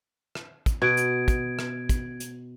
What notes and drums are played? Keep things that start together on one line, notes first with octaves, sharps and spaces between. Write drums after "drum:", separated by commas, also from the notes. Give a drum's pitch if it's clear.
drum: rim click
drum: kick, hi-hat
B2 G#6 D7
drum: hi-hat
drum: kick, hi-hat
drum: rim click
drum: kick, hi-hat
drum: hi-hat